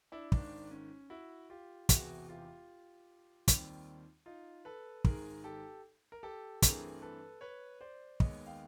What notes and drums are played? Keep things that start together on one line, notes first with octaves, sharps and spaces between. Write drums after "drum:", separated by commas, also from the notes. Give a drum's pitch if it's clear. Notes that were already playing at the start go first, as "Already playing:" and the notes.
D4 E4
G#1 G#2 D#3 D4, drum: kick
C#4
E4 F#4
F4 G4
E1 E2 C3 E3 F#4 G#4, drum: kick, hi-hat
F4 G4
D#2 D#3 G3 C4, drum: kick, hi-hat
D#4 F4
A4 B4
G#1 G#2 D#3 G#4 A#4, drum: kick
G4 A4
A#4
G4 A4
G2 E3 A3 C4 G#4 A#4, drum: kick, hi-hat
A4 B4
B4 C#5
C5 D5
D#2 D#3 G#3 B3 C#5 D#5, drum: kick
F5 G5